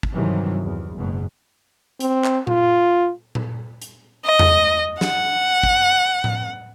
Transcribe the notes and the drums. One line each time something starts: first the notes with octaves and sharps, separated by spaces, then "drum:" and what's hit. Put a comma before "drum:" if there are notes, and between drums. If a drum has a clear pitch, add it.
drum: kick
G2 C3 D#3 E3 F#3
E2
F#1 G#2 B2 F#3
C4, drum: hi-hat
drum: clap
F4, drum: tom A#2
drum: tom A#2
drum: hi-hat
D#5
drum: tom E2
F#5, drum: snare
drum: kick
drum: tom A2